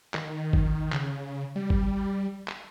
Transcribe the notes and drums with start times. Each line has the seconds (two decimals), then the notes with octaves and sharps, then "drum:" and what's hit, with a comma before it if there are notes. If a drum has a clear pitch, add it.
0.14 D#3, drum: clap
0.53 drum: kick G1
0.92 C#3, drum: clap
1.56 G3
1.70 drum: kick G1
2.48 drum: clap